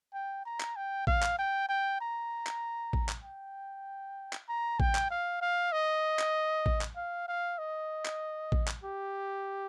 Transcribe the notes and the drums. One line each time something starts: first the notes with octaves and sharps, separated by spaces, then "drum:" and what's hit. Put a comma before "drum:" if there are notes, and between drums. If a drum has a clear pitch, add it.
G5
A#5
drum: clap
G5
F5, drum: kick A1
drum: clap
G5
G5
A#5
drum: clap
drum: kick A1
drum: clap
G5
drum: clap
A#5
G5, drum: kick A1
drum: clap
F5
F5
D#5
drum: clap
drum: kick A1
drum: clap
F5
F5
D#5
drum: clap
drum: kick A1
drum: clap
G4